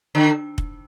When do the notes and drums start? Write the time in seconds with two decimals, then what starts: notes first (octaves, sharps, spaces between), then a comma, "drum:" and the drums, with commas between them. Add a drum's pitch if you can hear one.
0.15 D3
0.58 drum: kick